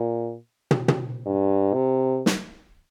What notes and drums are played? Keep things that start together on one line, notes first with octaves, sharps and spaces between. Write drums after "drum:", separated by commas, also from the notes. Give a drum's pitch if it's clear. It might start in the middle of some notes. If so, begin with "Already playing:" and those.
Already playing: A#2
drum: tom
drum: tom
G2
C3
drum: snare